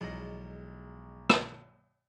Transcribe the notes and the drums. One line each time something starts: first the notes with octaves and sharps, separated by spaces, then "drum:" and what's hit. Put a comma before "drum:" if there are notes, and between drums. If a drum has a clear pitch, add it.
B1 E2 G#2 F3 A#6
drum: rim click